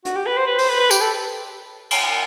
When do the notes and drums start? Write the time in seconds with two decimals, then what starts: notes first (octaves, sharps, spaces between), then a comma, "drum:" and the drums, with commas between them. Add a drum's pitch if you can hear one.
0.05 F#4, drum: hi-hat
0.16 G4
0.26 B4
0.37 C5
0.47 B4
0.58 C5, drum: open hi-hat
0.69 B4
0.80 B4
0.91 G4, drum: tambourine
1.01 A4
1.91 drum: cymbal